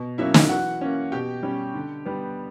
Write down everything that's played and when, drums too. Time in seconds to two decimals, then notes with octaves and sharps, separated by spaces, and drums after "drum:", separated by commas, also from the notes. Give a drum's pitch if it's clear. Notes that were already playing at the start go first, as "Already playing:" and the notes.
Already playing: B2
0.18 F#3 A#3 C#4 E4 E5
0.34 drum: snare
0.49 E3 F#4 F#5
0.81 A#3 C#4
1.12 B2 G4 G5
1.43 G3 C#4
1.74 D3
2.06 G3 B3